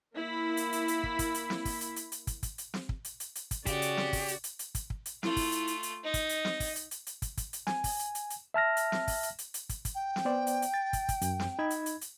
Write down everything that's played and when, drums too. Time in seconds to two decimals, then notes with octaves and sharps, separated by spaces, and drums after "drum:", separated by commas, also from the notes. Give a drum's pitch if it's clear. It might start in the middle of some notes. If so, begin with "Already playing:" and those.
0.15 A#3 E4 B5
0.57 drum: hi-hat
0.73 drum: hi-hat
0.88 drum: hi-hat
1.04 drum: kick
1.19 drum: kick, hi-hat
1.34 drum: hi-hat
1.50 drum: snare
1.65 drum: kick, open hi-hat
1.81 drum: hi-hat
1.96 drum: hi-hat
2.12 drum: hi-hat
2.27 drum: kick, hi-hat
2.43 drum: kick, hi-hat
2.58 drum: hi-hat
2.74 drum: snare
2.89 drum: kick
3.05 drum: hi-hat
3.20 drum: hi-hat
3.35 drum: hi-hat
3.51 drum: kick, hi-hat
3.66 C#3 F#4 G4 D5, drum: kick, hi-hat
3.82 drum: hi-hat
3.97 drum: snare
4.13 drum: kick, open hi-hat
4.28 drum: hi-hat
4.44 drum: hi-hat
4.59 drum: hi-hat
4.75 drum: kick, hi-hat
4.90 drum: kick
5.06 drum: hi-hat
5.23 A3 E4 F4, drum: snare
5.36 drum: kick, open hi-hat
5.52 drum: hi-hat
5.67 drum: hi-hat
5.83 drum: hi-hat
6.04 D#4 D#5
6.14 drum: kick, hi-hat
6.29 drum: hi-hat
6.45 drum: snare
6.60 drum: kick, open hi-hat
6.76 drum: hi-hat
6.91 drum: hi-hat
7.07 drum: hi-hat
7.22 drum: kick, hi-hat
7.37 drum: kick, hi-hat
7.53 drum: hi-hat
7.67 G#5, drum: snare
7.84 drum: kick, open hi-hat
7.99 drum: hi-hat
8.15 drum: hi-hat
8.30 drum: hi-hat
8.54 E5 A5 F6 A#6
8.77 drum: hi-hat
8.92 drum: snare
9.08 drum: kick, open hi-hat
9.23 drum: hi-hat
9.39 drum: hi-hat
9.54 drum: hi-hat
9.69 drum: kick, hi-hat
9.85 drum: kick, hi-hat
9.95 G5
10.16 drum: snare
10.25 B3 C5 D5
10.47 drum: hi-hat
10.62 drum: hi-hat
10.74 A6
10.93 drum: kick, hi-hat
11.09 drum: kick, hi-hat
11.22 F#2, drum: hi-hat
11.40 drum: snare
11.59 D#4 B5 G#6
11.70 drum: hi-hat
11.86 drum: hi-hat
12.01 drum: hi-hat